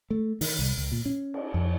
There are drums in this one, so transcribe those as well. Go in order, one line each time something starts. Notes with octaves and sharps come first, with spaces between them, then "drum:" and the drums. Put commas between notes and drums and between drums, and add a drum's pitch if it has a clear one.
A3
D#3, drum: open hi-hat
C2
C#2
A#2
C#4
drum: cymbal
F2